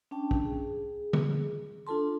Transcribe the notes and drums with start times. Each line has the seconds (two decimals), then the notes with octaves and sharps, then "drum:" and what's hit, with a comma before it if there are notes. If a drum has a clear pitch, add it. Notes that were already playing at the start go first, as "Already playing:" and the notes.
0.11 C#4 D4 G5 A5
0.31 drum: kick
0.45 G#4
1.13 drum: tom D3
1.87 D4 F4 A4 A5 C6